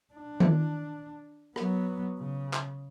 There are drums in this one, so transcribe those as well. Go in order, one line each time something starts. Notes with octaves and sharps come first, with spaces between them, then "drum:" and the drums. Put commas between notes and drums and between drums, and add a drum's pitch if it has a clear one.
D4
drum: tom D#3
F#3 B3, drum: rim click
C#3
drum: clap